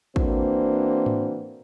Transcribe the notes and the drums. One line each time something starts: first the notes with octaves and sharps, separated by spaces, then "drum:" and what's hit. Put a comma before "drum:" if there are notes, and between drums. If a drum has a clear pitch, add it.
E3 A#3 C4 D4 F#4 C5, drum: kick
drum: tom G#2